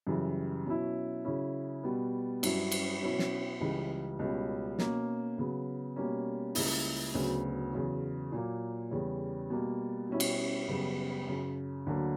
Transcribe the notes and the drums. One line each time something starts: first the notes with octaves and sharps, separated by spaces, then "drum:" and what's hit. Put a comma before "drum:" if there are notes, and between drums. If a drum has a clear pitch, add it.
F#2 C#3 E3 G3
B2 F#3 C#4 E4
C#3 F#3 C#4 E4
B2 G3 B3
G2 F#3 C#4 E4, drum: cymbal
drum: cymbal
B2 F#3 C#4 E4
drum: snare
C#2 C#3 E3 G3
C#2 B2 G3 C#4
B2 A#3 C#4, drum: snare
C#3 F#3 B3
B2 G3 A#3 C#4
C#2 C#3 G3 A#3 E4, drum: open hi-hat
D2 C#3 F#3 B3
E2 C#3 F#3
A#2 F#3 A#3
E2 C#3 G3 C#4
B2 G3 A#3
B2 G3 C#4 E4
drum: cymbal
F#2 C#3 G3 B3
F#2 C#3 F#3
D2 D3 F#3 A#3